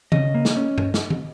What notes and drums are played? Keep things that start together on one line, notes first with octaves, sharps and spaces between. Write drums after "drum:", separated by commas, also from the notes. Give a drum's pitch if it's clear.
C#3 D#5, drum: tom
A#3
drum: snare
C#4
drum: tom G2
drum: snare
drum: tom